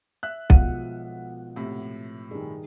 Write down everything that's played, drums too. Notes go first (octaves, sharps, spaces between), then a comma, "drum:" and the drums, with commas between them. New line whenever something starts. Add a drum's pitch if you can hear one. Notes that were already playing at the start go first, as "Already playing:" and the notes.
E5 F#6
B1 B2 F3 G#3 F5 F#5 D#7, drum: kick B1
A2 C3
G2 D#3 G#4